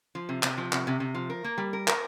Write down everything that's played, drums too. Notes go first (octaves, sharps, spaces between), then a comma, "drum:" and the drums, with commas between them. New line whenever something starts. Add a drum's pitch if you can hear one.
F3
C3
C3, drum: clap
F3
C3, drum: clap
C3
C3
F3
A#4
A#3
G3
A#4
A#4, drum: clap